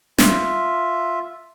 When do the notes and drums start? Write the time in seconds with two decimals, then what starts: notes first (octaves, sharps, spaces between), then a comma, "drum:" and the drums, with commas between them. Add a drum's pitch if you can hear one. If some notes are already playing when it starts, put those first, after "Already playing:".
0.18 F4 E5, drum: snare